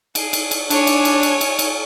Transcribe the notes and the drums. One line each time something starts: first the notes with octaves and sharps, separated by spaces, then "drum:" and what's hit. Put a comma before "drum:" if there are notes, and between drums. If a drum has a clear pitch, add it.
G#4, drum: cymbal
drum: cymbal
drum: cymbal
D4 C#5 G#5, drum: cymbal
drum: cymbal
drum: cymbal
drum: cymbal
drum: cymbal
drum: cymbal